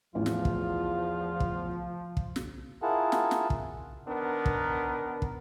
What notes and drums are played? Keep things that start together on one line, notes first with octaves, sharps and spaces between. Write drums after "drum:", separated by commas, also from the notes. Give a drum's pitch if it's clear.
A1 E2 E3 F3 F4
drum: snare
drum: kick
drum: kick
drum: kick
drum: snare
E4 F4 G#4 A#4 F#5 A5
drum: snare
drum: snare
drum: kick
D#3 B3 D4 A#4
drum: kick
drum: kick